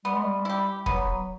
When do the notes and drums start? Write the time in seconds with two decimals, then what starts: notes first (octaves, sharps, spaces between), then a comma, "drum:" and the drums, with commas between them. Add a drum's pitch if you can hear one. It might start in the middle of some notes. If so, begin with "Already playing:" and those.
0.05 G3 B3
0.14 G#3
0.23 G3
0.45 E4 G4
0.86 F#3 B3, drum: kick